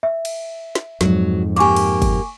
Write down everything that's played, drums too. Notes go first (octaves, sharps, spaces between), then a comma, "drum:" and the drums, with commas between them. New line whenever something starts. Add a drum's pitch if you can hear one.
E5
drum: cymbal
drum: snare
F2 G#2 F#3, drum: snare
A#3 G4 G#5 C#6 D6
drum: cymbal
drum: kick, cymbal